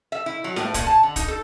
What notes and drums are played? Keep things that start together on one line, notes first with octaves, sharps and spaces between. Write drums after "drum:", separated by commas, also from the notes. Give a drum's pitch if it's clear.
E5
E4
F#3
A2, drum: snare E4
A#2, drum: kick, hi-hat
A5
D3
D#4, drum: kick, hi-hat
A4